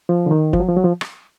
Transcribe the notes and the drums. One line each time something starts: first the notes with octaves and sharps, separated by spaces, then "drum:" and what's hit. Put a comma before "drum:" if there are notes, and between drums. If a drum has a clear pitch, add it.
F3
D3
D#3
F3, drum: kick
F#3
F3
F#3
F3
drum: rim click